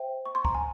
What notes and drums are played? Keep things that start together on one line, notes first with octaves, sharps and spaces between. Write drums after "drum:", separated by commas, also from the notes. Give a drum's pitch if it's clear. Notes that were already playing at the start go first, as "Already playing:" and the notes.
Already playing: C5 E5 G5
C#6
C6
A#5, drum: kick
G#5